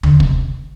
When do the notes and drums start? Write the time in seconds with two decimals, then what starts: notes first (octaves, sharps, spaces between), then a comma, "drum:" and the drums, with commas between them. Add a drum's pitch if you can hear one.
0.03 D3, drum: tom D#2
0.20 C3, drum: kick